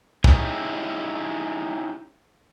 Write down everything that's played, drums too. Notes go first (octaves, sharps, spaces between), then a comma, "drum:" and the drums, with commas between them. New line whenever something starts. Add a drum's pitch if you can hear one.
C#4 D#4 E4 G4 G#4, drum: kick